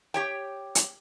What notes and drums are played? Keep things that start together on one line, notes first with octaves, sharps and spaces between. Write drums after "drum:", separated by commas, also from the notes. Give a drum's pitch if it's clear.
G4 C#5 G5
drum: hi-hat